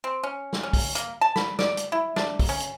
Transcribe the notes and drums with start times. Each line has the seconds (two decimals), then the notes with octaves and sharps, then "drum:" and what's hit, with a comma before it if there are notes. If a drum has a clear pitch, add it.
0.04 C4
0.24 C#4
0.53 drum: snare
0.63 C#4
0.73 drum: kick, open hi-hat
0.95 A#3, drum: hi-hat
1.21 A5
1.36 B5, drum: snare
1.59 D5, drum: snare
1.77 drum: hi-hat
1.92 E4
2.16 D4, drum: snare
2.39 drum: kick, open hi-hat
2.49 C#4
2.60 drum: hi-hat